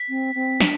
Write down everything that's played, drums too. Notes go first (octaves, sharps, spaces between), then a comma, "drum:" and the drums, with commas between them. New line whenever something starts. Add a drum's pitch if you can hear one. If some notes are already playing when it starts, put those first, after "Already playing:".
Already playing: B6
C4
C4
D4, drum: snare